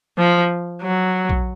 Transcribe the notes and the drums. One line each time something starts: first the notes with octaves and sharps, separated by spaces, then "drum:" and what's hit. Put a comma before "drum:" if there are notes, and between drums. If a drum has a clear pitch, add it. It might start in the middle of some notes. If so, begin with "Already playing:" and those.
F3
F#3
drum: kick A#1